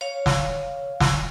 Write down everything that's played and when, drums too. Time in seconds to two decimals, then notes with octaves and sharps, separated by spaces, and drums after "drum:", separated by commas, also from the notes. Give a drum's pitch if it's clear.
0.01 C#5 F5
0.26 drum: snare
1.00 drum: snare